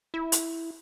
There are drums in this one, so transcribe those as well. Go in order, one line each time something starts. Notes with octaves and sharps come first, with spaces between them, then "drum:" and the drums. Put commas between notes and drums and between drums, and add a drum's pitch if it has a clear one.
E4
drum: hi-hat